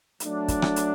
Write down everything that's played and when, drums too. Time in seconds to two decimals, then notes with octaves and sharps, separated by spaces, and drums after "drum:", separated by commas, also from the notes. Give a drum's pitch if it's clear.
0.20 F#3 A3 D4, drum: hi-hat
0.48 drum: kick, hi-hat
0.62 drum: rim click
0.76 drum: hi-hat